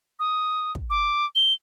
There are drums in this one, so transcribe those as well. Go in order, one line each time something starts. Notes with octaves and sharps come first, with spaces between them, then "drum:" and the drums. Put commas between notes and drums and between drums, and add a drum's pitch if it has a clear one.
D#6
drum: kick
D6
G7